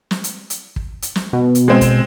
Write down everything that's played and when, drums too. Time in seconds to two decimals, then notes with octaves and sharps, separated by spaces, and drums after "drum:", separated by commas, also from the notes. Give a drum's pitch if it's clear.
0.11 drum: snare
0.24 drum: hi-hat
0.50 drum: hi-hat
0.76 drum: kick
1.02 drum: hi-hat
1.15 drum: snare
1.33 B2
1.55 drum: hi-hat
1.68 G#3 C4
1.81 drum: kick, hi-hat